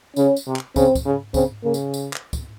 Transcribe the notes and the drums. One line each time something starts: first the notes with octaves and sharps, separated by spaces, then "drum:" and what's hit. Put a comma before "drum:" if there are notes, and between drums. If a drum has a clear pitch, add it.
C#3 C#4, drum: tambourine
drum: tambourine
C3
drum: clap
C#3 C4, drum: kick, tambourine
drum: kick, tambourine
C#3
C#3 C4, drum: kick, tambourine
C#3 A#3
drum: tambourine
drum: tambourine
drum: clap
drum: kick, tambourine